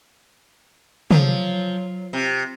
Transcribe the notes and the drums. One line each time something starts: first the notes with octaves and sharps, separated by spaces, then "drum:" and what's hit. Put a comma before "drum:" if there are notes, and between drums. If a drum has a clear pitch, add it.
F3 F#3, drum: tom
C3